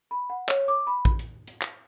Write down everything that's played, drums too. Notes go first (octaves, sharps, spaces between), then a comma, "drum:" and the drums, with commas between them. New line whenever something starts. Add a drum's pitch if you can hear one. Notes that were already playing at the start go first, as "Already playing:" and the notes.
B5
F#5
C#5, drum: clap
D6
B5
drum: kick
drum: hi-hat
drum: hi-hat
drum: clap